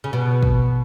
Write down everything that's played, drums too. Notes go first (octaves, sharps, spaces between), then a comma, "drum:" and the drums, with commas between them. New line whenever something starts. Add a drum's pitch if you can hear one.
C#3
B2
drum: kick